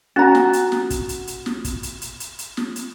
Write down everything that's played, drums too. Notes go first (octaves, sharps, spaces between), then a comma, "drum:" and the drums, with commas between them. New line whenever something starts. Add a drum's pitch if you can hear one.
C#4 F#4 A#5
drum: snare
drum: hi-hat
drum: snare
drum: kick, hi-hat
drum: hi-hat
drum: hi-hat
drum: snare
drum: kick, hi-hat
drum: hi-hat
drum: hi-hat
drum: hi-hat
drum: hi-hat
drum: snare
drum: hi-hat